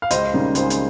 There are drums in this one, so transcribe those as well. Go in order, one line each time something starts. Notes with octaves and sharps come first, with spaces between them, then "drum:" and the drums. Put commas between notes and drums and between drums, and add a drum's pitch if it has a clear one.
F5
C#2 C5 D#5, drum: hi-hat
C#3 G3 A#3 D#4
C#2 G#4 C5, drum: hi-hat
drum: hi-hat